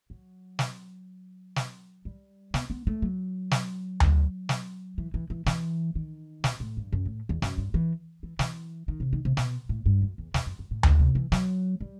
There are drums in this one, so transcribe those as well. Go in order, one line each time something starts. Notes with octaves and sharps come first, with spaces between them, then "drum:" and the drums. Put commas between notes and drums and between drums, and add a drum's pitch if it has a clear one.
F#3
drum: snare
drum: snare
G3
B3, drum: snare
B3
A3
F#3
drum: snare
drum: tom D2
drum: snare
E3
E3
E3
E3, drum: snare
D#3
B2, drum: snare
A2
G2
F#2
A2
E2
F#2, drum: snare
G2
E3
E3
E3, drum: snare
D#3
C3
D#3
C3
B2, drum: snare
A2
G2
F#2
E2
E2, drum: snare
F#2
F#2
A2
drum: tom D2
C3
E3
F#3, drum: snare
G3